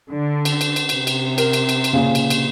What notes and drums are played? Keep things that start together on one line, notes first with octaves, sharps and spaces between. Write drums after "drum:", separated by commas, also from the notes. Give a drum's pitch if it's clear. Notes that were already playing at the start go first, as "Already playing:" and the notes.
D3
drum: cymbal
drum: cymbal
drum: cymbal
C3, drum: cymbal
drum: cymbal
A#4, drum: cymbal
drum: cymbal
drum: cymbal
drum: cymbal
A#2 C#3
drum: cymbal
drum: cymbal